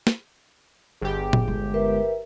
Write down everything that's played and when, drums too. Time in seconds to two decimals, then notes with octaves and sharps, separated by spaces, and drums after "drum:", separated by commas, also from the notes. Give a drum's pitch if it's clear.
0.07 drum: snare
1.01 G1 G4 G#4
1.33 drum: tom A#2
1.48 G#3
1.74 A#4 B4 E5